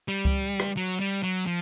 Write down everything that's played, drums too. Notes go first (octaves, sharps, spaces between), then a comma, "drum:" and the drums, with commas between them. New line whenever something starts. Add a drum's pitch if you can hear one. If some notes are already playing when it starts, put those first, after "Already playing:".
G3
drum: kick C#2
drum: rim click
F#3
G3
F#3
F3